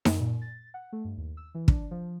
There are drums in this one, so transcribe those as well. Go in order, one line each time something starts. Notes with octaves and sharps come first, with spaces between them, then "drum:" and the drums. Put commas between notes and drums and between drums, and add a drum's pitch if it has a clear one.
F#2, drum: snare D#4
A#2
A6
F#5
A3
G2
D#2
E6
E3
D4, drum: kick
F3